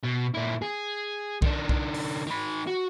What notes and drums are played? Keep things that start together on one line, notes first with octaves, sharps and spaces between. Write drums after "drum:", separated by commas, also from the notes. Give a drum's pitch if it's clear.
B2
A#2 E4
G#4
D#3 D4, drum: kick B1
drum: kick B1
drum: open hi-hat
D#3 B5
F#4